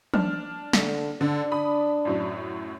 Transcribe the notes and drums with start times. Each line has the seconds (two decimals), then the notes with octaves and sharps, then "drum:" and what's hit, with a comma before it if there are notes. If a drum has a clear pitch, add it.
0.14 D4 F6, drum: tom
0.73 D3, drum: snare
1.21 D3 D4
1.52 B5 D#6
2.05 F#2 A2 F#3